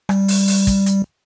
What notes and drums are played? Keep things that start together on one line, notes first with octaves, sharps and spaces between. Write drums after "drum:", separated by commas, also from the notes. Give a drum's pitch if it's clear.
G3, drum: rim click
drum: open hi-hat
drum: open hi-hat
drum: kick, hi-hat
drum: hi-hat